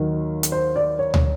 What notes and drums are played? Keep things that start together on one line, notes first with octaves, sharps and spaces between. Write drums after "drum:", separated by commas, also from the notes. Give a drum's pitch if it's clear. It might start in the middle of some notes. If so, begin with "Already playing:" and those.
Already playing: D#2 D#3 F#3
drum: hi-hat
C5
D5
C#5
C#5, drum: tom